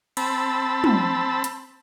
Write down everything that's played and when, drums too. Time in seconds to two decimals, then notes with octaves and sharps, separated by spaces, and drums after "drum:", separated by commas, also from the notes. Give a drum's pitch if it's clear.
0.17 C4 A5 B5 E6, drum: cymbal
0.84 drum: tom
1.44 drum: hi-hat